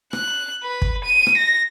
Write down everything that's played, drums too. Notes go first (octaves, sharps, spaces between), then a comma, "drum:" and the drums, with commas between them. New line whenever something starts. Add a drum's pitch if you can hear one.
F#6, drum: rim click
B4
drum: kick
D#7
drum: rim click
A#6